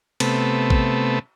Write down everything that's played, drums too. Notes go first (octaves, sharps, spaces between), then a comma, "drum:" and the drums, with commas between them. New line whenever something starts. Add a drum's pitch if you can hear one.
C3 A3 B3, drum: cymbal
drum: kick A1